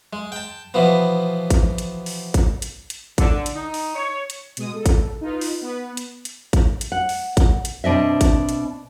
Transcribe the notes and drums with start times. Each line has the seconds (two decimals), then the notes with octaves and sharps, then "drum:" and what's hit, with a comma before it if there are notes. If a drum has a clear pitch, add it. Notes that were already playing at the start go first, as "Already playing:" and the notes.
0.13 G#3
0.32 G5 A5
0.74 B2 E3 F3 B3
1.50 drum: kick G#1, hi-hat
1.78 drum: hi-hat
2.06 drum: open hi-hat
2.34 drum: kick G#1, hi-hat
2.62 drum: hi-hat
2.90 drum: hi-hat
3.18 D3, drum: kick G#1, hi-hat
3.46 drum: hi-hat
3.55 D#4
3.74 drum: open hi-hat
3.95 C#5
4.30 drum: hi-hat
4.57 B2 G#3 D#6, drum: hi-hat
4.74 A4
4.86 drum: kick G#1, hi-hat
5.21 D#4 F4 B4
5.41 drum: open hi-hat
5.61 B3 B4
5.97 drum: hi-hat
6.25 drum: hi-hat
6.53 drum: kick G#1, hi-hat
6.81 drum: hi-hat
6.92 F#5
7.09 drum: open hi-hat
7.37 drum: kick G#1, hi-hat
7.65 drum: hi-hat
7.84 B2 C4 D4 D#5 E5
8.21 drum: kick G#1, hi-hat
8.49 drum: hi-hat